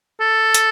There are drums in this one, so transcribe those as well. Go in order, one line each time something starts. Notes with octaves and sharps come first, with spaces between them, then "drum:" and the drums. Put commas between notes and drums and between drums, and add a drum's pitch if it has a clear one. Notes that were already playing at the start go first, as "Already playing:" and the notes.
A4
drum: hi-hat